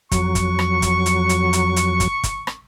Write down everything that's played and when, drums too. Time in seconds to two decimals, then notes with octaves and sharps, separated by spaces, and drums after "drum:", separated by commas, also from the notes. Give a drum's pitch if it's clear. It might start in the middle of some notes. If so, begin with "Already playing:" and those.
0.12 F2 F#3 C#6, drum: kick, hi-hat
0.35 drum: kick, hi-hat
0.59 drum: rim click
0.82 drum: kick, hi-hat
1.06 drum: hi-hat
1.29 drum: hi-hat
1.53 drum: hi-hat
1.76 drum: hi-hat
2.00 drum: kick, hi-hat
2.24 drum: kick, hi-hat
2.47 drum: rim click